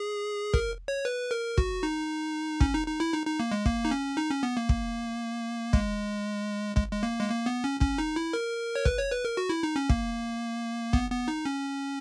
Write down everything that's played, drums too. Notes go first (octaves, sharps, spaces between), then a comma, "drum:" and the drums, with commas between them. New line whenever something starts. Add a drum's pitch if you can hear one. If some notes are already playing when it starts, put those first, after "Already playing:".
Already playing: G#4
A#4, drum: kick
C#5
B4
A#4
F#4, drum: kick
D#4
C#4, drum: kick
D#4
D#4
E4
D#4
D#4
A#3
G#3
A#3, drum: kick
D#4
C#4
D#4
C#4
B3
A#3
drum: kick
G#3, drum: kick
G#3, drum: kick
G#3
A#3
G#3
A#3
B3
C#4
C#4, drum: kick
D#4
E4
A#4
C#5
B4, drum: kick
C#5
B4
A#4
F#4
E4
D#4
C#4
A#3, drum: kick
B3, drum: kick
B3
D#4
C#4